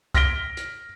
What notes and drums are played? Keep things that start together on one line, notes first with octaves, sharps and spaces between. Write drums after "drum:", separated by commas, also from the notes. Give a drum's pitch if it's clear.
F6 A#6 B6 D7 G7, drum: kick, hi-hat
drum: hi-hat